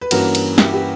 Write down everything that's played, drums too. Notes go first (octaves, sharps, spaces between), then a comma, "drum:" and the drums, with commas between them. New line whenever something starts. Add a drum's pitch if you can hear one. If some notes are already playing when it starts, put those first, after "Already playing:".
B4
G2 E3 A#3 C#4 F#4 A#4, drum: cymbal
drum: cymbal
E4 G4, drum: snare
G4 B4